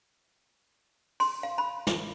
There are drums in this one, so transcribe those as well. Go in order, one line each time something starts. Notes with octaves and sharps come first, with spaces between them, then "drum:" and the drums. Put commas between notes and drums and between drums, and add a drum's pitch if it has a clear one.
C6, drum: open hi-hat
F5
B5
drum: snare